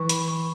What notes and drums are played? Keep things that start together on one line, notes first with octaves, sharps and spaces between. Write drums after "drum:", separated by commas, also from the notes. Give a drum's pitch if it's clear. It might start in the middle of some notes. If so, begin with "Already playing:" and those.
Already playing: E3 C#6
B5, drum: hi-hat
C#6